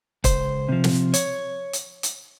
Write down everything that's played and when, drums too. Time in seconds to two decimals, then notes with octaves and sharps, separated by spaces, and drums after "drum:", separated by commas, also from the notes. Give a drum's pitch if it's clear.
0.24 C#2 C5, drum: kick, hi-hat
0.69 C3 F3
0.84 drum: snare
1.14 C#5, drum: hi-hat
1.73 drum: hi-hat
2.03 drum: hi-hat